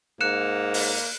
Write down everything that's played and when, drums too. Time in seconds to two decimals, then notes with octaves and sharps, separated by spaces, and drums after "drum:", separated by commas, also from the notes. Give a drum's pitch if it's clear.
0.21 G#2 A#3 F#6 C#7 E7
0.74 drum: open hi-hat